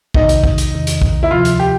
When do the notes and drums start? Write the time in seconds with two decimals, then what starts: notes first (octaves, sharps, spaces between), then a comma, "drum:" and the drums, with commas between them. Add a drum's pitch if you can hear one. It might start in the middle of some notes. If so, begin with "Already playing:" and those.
0.15 E2 C3 D#3 D#4, drum: kick
0.29 drum: hi-hat
0.44 drum: kick
0.58 drum: hi-hat
0.72 E2 C3 D#3
0.87 drum: hi-hat
1.01 drum: kick
1.23 E4
1.31 D2 C3 F3 F4
1.45 drum: hi-hat
1.59 G4